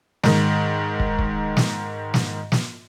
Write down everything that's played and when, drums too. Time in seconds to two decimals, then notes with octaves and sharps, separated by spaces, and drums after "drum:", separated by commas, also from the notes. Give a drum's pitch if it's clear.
0.24 G#2 D#3, drum: snare
1.00 drum: kick
1.19 drum: kick
1.57 drum: snare
2.14 drum: snare
2.52 drum: snare